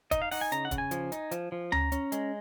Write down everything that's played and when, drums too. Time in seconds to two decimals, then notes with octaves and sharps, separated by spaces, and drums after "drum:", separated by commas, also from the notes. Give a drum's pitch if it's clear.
0.11 D#4 D#5, drum: kick, hi-hat
0.22 F5
0.31 D#4 F#5, drum: open hi-hat
0.41 G#5
0.52 C#3 A#5, drum: hi-hat
0.65 F#5
0.71 C#3, drum: kick, hi-hat
0.78 G#5
0.91 F3, drum: hi-hat
1.12 D#4, drum: hi-hat
1.31 F3, drum: hi-hat
1.52 F3
1.72 C#4 A#5, drum: tom D2
1.92 C#4, drum: hi-hat
2.12 G#3, drum: hi-hat